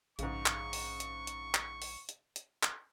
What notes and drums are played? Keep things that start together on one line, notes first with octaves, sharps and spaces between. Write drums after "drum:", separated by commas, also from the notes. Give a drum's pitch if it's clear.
A#1 G#2 C#3 C#6, drum: hi-hat
drum: clap
drum: open hi-hat
drum: hi-hat
drum: hi-hat
drum: clap
drum: open hi-hat
drum: hi-hat
drum: hi-hat
drum: clap